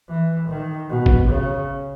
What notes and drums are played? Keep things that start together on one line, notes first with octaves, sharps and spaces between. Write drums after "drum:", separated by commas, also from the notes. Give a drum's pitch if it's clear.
E3
D#3
B2
drum: kick
C#3